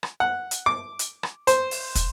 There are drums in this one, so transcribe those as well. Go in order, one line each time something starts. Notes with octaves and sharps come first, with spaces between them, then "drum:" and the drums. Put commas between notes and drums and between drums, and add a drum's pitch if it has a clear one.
drum: rim click
F#5
drum: hi-hat
D6
drum: hi-hat
drum: rim click
C5, drum: hi-hat
drum: open hi-hat
drum: kick, hi-hat